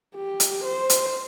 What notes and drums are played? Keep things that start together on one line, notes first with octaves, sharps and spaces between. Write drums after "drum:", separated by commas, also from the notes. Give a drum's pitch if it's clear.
G4
drum: hi-hat
C5
drum: hi-hat